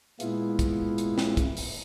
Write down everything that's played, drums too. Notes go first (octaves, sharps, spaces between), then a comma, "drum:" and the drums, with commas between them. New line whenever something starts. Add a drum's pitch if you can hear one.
A#2 G#3 B3 E4 F4, drum: hi-hat
drum: kick, hi-hat
drum: hi-hat
drum: snare
drum: kick, hi-hat
drum: open hi-hat